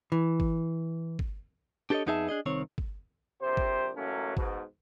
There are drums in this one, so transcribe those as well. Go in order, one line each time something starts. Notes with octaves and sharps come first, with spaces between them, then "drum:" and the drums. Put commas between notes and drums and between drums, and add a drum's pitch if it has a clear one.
E3
drum: kick G1
drum: kick G1
D4 G4 A4 C5 C#5 D#5
F2 B3 D#4 G#4 E5 A5
D4 G#4 D#5
C2 D#3 C4 C#5
drum: kick G1
A#1 C3 G4 C5
drum: kick G1
A1 F#2 F#3 A3 A#3 C#4
G#2 B2, drum: kick G1